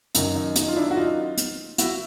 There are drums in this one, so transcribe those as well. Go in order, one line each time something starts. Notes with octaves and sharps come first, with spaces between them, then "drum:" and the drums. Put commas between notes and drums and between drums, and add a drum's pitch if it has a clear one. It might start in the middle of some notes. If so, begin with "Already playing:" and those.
F#2 D#3 F#3 D#4, drum: hi-hat
D#4
D#4, drum: hi-hat
F4
D4 E4
F#4
D#4 F4
drum: hi-hat
E4 F#4, drum: hi-hat